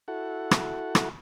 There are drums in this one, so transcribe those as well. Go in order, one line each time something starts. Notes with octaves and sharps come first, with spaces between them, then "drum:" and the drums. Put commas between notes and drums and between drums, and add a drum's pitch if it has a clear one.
E4 F#4 A4 F#5
drum: rim click
drum: rim click